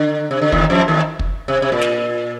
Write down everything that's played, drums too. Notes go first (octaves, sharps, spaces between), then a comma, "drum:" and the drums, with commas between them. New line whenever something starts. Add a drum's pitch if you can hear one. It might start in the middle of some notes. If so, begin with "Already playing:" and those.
Already playing: D3
C3
D3
D#2 D#3, drum: kick
F2 F3
D#2 D#3
drum: kick
C3
C3
A#2
drum: snare